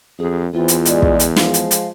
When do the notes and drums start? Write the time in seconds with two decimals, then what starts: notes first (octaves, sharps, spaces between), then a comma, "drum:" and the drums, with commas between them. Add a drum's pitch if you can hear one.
0.19 F2 G#4
0.54 E2 E3 C4 F4
0.68 drum: hi-hat
0.85 A2 G#3 D5, drum: hi-hat
1.02 drum: kick
1.19 drum: hi-hat
1.37 F3 G#3 F5, drum: snare
1.54 drum: hi-hat
1.71 drum: hi-hat